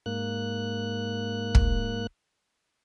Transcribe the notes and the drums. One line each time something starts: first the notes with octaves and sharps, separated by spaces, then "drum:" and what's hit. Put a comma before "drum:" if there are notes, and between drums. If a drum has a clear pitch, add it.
G#2 A#3 F#6
drum: kick